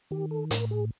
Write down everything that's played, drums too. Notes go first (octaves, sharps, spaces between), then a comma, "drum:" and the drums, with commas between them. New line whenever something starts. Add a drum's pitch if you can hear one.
D#3 G4
A4
A2 A#4, drum: hi-hat
G#4